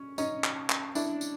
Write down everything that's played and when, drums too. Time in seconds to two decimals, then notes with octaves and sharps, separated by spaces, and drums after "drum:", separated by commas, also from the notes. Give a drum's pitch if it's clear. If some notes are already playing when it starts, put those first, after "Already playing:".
Already playing: C#4
0.18 C#4 D#4, drum: tambourine
0.44 drum: clap
0.70 drum: clap
0.95 D4 E4, drum: tambourine
1.21 drum: tambourine